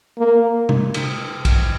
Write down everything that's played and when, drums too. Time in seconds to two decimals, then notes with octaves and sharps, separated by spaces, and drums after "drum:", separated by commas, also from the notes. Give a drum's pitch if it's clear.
0.18 A#3
0.69 drum: tom C3
0.94 drum: cymbal
1.45 drum: kick, cymbal